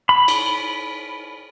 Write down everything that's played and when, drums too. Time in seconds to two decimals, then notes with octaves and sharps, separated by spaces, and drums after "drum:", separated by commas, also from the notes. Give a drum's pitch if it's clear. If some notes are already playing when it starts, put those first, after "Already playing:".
0.09 B5
0.28 drum: cymbal